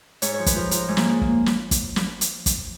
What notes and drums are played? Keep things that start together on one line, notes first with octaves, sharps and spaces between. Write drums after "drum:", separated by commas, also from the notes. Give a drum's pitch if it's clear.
G#2 C#5, drum: hi-hat
F3 C#5
B4, drum: kick, hi-hat
F3 A#4
F3 A#4, drum: hi-hat
G#2 G#3
A#3, drum: snare
G#2 G#3
A#3, drum: kick
drum: snare
drum: kick, hi-hat
drum: snare
drum: hi-hat
drum: kick, hi-hat